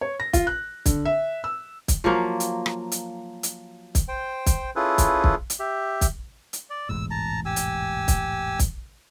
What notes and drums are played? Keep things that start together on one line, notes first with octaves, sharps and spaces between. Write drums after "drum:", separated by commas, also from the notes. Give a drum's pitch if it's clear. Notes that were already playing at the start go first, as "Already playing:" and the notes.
C#5
A#6
F4, drum: kick, hi-hat
F#6
D3, drum: kick, hi-hat
E5
E6
drum: kick, hi-hat
F3 F#3 A#3 C5
drum: hi-hat
drum: rim click
drum: hi-hat
drum: hi-hat
drum: kick, hi-hat
C5 G5
drum: kick, hi-hat
C#4 E4 F4 G#4 A4 B4
drum: kick, hi-hat
drum: kick
drum: hi-hat
G4 E5
drum: kick, hi-hat
drum: hi-hat
D5
E1 A1 G#2 E6
A5 A#5
G4 G#5 E6
drum: hi-hat
drum: kick, hi-hat
drum: kick, hi-hat